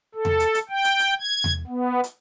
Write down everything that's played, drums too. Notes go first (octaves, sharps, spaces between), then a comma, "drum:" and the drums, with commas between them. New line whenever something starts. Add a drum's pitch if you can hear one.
A4
drum: tom E2
drum: hi-hat
drum: hi-hat
G5
drum: hi-hat
drum: hi-hat
G#6
drum: tom E2
B3
drum: hi-hat